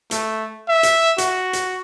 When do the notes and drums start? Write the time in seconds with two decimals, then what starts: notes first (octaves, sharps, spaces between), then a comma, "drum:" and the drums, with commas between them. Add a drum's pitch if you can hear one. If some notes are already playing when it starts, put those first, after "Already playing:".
0.11 A3, drum: hi-hat
0.68 E5
0.83 drum: hi-hat
1.18 F#4, drum: hi-hat
1.53 drum: hi-hat